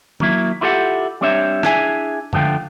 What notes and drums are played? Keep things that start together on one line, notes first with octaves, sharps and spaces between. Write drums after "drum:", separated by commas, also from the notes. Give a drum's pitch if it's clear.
F#3 A#3 E4, drum: tom D#3
E4 F4 G4 A4 D#5 F#5
G3 C4 D4 C#5 E5
D4 E4 G#4 E5 G#5, drum: rim click
D2 D3 F3 A3 F4 G5, drum: tom F#2